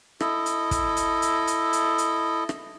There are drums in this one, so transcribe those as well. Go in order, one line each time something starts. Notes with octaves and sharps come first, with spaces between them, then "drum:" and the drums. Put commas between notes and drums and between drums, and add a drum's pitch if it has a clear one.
E4 A4 D#5, drum: rim click
drum: hi-hat
drum: kick, hi-hat
drum: hi-hat
drum: hi-hat
drum: hi-hat
drum: hi-hat
drum: hi-hat
drum: rim click